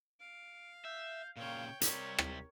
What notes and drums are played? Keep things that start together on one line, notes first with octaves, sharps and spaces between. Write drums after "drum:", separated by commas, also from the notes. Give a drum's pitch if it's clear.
F5 D7
E5 G6
A#2 C#3 C#5 F5 G5
C3 G3 A#4 C#5 B6, drum: hi-hat
B6, drum: rim click